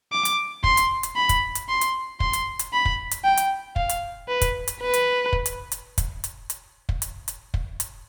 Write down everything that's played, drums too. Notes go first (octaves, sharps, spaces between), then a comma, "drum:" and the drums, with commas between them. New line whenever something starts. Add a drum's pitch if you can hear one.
D6
drum: hi-hat
C6, drum: kick
drum: hi-hat
drum: hi-hat
B5
drum: kick, hi-hat
drum: hi-hat
C6
drum: hi-hat
C6, drum: kick
drum: hi-hat
drum: hi-hat
B5
drum: kick
drum: hi-hat
G5
drum: hi-hat
F5, drum: kick
drum: hi-hat
B4
drum: kick, hi-hat
drum: hi-hat
B4
drum: hi-hat
drum: kick
drum: hi-hat
drum: hi-hat
drum: kick, hi-hat
drum: hi-hat
drum: hi-hat
drum: kick
drum: hi-hat
drum: hi-hat
drum: kick
drum: hi-hat